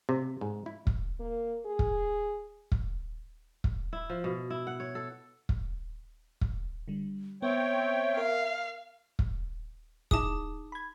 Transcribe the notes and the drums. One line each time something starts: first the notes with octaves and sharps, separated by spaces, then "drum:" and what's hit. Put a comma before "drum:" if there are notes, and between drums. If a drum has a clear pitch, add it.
C3
G#2
E4
drum: kick
A#3
G#4
drum: kick
drum: kick
drum: kick
E4
F3
B2
E4
F#5
C#5
A4
drum: kick
drum: kick
D3 G3
B3 C4 C#5 E5 G5
A#4 F5
drum: kick
D#4 E4 G#4 A5 D6 D#6, drum: kick
B5 G#6